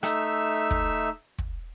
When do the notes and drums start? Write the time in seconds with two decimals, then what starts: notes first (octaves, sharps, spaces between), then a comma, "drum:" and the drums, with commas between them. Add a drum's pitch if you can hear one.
0.03 A3 D#4 E5 E6, drum: rim click
0.71 drum: kick
1.39 drum: kick